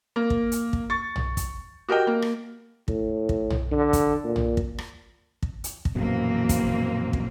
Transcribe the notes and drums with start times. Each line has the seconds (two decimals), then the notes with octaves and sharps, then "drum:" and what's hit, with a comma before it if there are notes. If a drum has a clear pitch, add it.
0.16 A#3
0.30 drum: kick
0.52 drum: hi-hat
0.73 drum: kick
0.90 C#6 A6
1.16 drum: tom
1.37 drum: kick, hi-hat
1.89 F#4 G4 A#4 D#5 G5
2.07 A#3
2.22 drum: rim click
2.88 A2, drum: kick
3.29 drum: kick
3.50 drum: tom
3.72 D3
3.93 drum: kick, hi-hat
4.24 A#2
4.36 drum: tom
4.57 drum: kick
4.78 drum: rim click
5.43 drum: kick
5.64 drum: hi-hat
5.85 drum: kick
5.95 A#1 F#2 B2 E3 A#3 C4
6.49 drum: kick, hi-hat
7.13 drum: kick